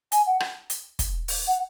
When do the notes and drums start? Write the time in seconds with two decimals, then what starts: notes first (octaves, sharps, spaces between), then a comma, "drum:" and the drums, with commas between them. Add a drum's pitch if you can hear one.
0.12 G#5, drum: hi-hat
0.26 F#5
0.40 drum: rim click
0.70 drum: hi-hat
0.99 drum: kick, hi-hat
1.28 drum: open hi-hat
1.47 F#5